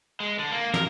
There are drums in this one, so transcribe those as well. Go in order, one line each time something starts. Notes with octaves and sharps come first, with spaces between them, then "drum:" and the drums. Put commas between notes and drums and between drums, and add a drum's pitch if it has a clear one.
G#3
D3
A#3
A#4, drum: snare